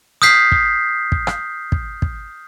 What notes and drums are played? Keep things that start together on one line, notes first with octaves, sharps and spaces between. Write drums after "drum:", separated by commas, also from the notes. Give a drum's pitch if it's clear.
D#6 F6 G6 B6 C7
drum: kick
drum: kick
drum: rim click
drum: kick
drum: kick